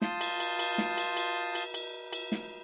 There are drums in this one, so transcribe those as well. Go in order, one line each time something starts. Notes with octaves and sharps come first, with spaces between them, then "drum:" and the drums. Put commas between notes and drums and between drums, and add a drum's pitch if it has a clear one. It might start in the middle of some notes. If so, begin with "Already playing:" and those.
F4 A5 C6 D#6 G6, drum: snare
drum: cymbal
drum: cymbal
drum: cymbal
drum: snare
drum: cymbal
drum: cymbal
drum: cymbal
drum: cymbal
drum: cymbal
drum: snare